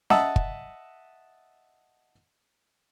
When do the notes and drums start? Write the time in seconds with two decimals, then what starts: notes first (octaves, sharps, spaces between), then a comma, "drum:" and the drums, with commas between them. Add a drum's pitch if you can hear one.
0.10 D#5 E5 F#5 A5 D#6 E6, drum: snare
0.36 drum: kick